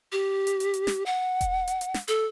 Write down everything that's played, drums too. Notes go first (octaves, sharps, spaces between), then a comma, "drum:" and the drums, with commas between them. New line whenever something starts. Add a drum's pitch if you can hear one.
G4
drum: hi-hat
drum: hi-hat
drum: hi-hat
drum: snare
F#5
drum: kick E1, hi-hat
drum: hi-hat
drum: hi-hat
drum: snare
A4, drum: hi-hat